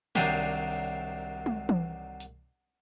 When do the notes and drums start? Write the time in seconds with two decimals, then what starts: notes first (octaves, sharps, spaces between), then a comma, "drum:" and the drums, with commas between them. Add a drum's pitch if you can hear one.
0.15 C2 C3 D#3 F#3 D4 C5, drum: snare
1.46 drum: tom
1.69 drum: tom E3
2.20 drum: hi-hat